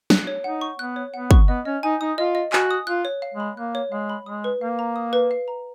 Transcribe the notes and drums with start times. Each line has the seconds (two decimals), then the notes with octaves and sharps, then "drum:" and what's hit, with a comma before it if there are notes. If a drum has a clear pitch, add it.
0.10 F#6, drum: snare
0.27 C#5
0.44 D#4 F#5
0.61 C#6
0.79 B3 F#6
0.96 C#5
1.14 B3 F#5
1.31 C#6, drum: kick
1.48 B3 D#5
1.65 C#4 D#5
1.83 D#4 G#5
2.01 D#4 D#6
2.18 F4 D#5
2.35 D#5
2.53 F#4 G#5, drum: clap
2.71 D#6
2.87 F4 F#6
3.05 C#5
3.22 F5
3.34 G#3
3.40 B5
3.56 A#3 F#6
3.75 C#5
3.92 G#3 F5
4.10 B5
4.26 G#3 D#6
4.44 B4
4.61 A#3 F5
4.79 A#5
4.96 D#6
5.13 B4
5.31 F5
5.48 A#5